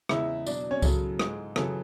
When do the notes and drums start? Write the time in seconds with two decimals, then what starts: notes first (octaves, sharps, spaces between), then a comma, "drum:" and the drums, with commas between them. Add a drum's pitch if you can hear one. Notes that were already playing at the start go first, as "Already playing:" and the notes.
0.09 E2 C#3 G#3 E4 E5, drum: rim click
0.47 B2 F#3 D4 D5, drum: tambourine
0.71 C#4 C#5
0.82 F#2 C#3 F#3 A4, drum: kick C2, tambourine
1.19 G#2 G#3, drum: rim click
1.56 F#2 C#3 E3 A4, drum: rim click